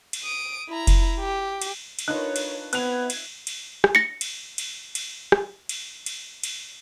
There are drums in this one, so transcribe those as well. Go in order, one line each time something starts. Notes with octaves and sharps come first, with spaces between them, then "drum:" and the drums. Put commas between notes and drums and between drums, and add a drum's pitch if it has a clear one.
drum: cymbal
D#6 D7
E4 A#5
drum: kick F1, cymbal
G4
drum: cymbal
drum: cymbal
D4 D#4 F4 A#4 B4 C#5 F#6
drum: cymbal
B3 C4 E5 F#6 G#6 F7, drum: cymbal
drum: cymbal
drum: cymbal
drum: rim click
A#6 C#7
drum: cymbal
drum: cymbal
drum: cymbal
drum: rim click
drum: cymbal
drum: cymbal
drum: cymbal